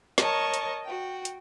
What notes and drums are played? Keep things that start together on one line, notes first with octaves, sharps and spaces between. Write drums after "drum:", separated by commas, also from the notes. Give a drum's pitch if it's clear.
A#4 C#5 D#5 A5 C#6, drum: snare
drum: hi-hat
F#4 G5
drum: hi-hat